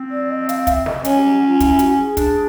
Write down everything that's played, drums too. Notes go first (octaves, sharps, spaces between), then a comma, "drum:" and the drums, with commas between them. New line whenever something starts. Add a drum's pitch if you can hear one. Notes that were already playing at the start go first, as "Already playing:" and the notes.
Already playing: C4
D5
D#5
F5, drum: hi-hat
E5, drum: kick, hi-hat
D#5, drum: snare
C#4 C#5, drum: hi-hat
G4
F4
E4, drum: kick, hi-hat
F#4, drum: hi-hat
G#4
D4, drum: kick, hi-hat